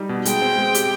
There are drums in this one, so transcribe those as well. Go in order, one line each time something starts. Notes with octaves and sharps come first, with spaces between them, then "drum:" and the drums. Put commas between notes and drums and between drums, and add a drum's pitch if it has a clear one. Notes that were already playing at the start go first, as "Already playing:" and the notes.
Already playing: G3 D#4
B2
G#3 G5, drum: hi-hat
C4
G#3
G4, drum: hi-hat